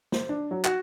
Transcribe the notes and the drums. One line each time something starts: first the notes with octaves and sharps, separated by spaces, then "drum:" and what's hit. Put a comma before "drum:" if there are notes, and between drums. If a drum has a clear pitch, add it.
C5, drum: snare
D4
F#3
F#4, drum: clap